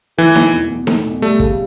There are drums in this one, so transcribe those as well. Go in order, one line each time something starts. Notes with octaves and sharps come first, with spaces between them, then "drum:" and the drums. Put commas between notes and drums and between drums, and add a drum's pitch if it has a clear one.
E3 A3
B2, drum: snare D#4
E2
E2
A3, drum: snare D#4
B2
G3 A3
C#3, drum: kick